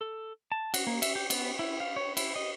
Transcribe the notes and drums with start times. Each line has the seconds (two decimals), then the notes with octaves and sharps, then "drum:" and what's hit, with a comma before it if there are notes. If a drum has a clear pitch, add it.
0.01 A4
0.52 A5
0.74 F#4, drum: cymbal
0.87 A#3
1.02 E5, drum: cymbal
1.15 G4
1.30 B3, drum: cymbal
1.59 E4
1.80 F5
1.96 C#5
2.17 E4, drum: cymbal
2.36 D#5